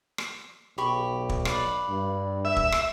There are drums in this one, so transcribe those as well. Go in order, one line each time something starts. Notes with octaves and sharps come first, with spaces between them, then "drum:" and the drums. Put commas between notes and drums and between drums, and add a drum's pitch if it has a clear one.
drum: rim click
B1 G4 B5 C#6
drum: kick
B4 D5 F5, drum: rim click
G2
E5
drum: kick
drum: rim click